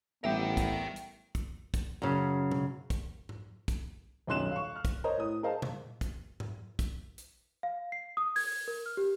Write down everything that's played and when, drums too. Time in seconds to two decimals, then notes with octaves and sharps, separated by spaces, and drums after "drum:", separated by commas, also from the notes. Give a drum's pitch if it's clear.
0.24 A1 G3 B3 A#4 E5 G5
0.57 drum: kick, hi-hat
0.96 drum: hi-hat
1.35 drum: kick, hi-hat
1.74 drum: kick, hi-hat
2.02 F#2 C#3
2.51 drum: tom
2.90 drum: kick, hi-hat
3.29 drum: tom G#2
3.68 drum: kick, hi-hat
4.27 D#1 B1 F#2 C6 F#6 E7
4.51 F5 C#6
4.76 F6
4.85 drum: kick, hi-hat
5.04 A#4 C5 C#5 D#5
5.18 A2 D#6
5.43 G#4 A#4 C5 D#5 F5 A5
5.62 drum: tom A#2
6.01 drum: kick, hi-hat
6.40 drum: tom G#2
6.79 drum: kick, hi-hat
7.18 drum: hi-hat
7.63 F5
7.92 C7
8.17 D#6
8.36 G#6, drum: open hi-hat
8.68 A#4
8.86 F6
8.97 G4